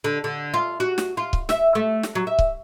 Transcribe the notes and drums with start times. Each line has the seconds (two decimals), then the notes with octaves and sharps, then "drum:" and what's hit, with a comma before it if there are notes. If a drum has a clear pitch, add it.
0.04 D3
0.24 D3
0.54 F4
0.80 F#4
0.98 drum: snare
1.17 F4
1.33 drum: kick C#1
1.49 E5, drum: snare
1.75 A3
2.03 drum: snare
2.15 F#3
2.27 E5
2.39 drum: kick C#1